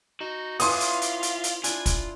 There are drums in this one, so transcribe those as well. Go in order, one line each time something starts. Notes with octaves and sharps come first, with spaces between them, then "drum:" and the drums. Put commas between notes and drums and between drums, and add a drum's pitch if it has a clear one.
D#4 F#4
E3 C#4 F4 E5 F#5 C6 D6 D#6, drum: open hi-hat
drum: hi-hat
drum: hi-hat
drum: hi-hat
drum: hi-hat
D4 E4 F4 G#5, drum: hi-hat
drum: kick, hi-hat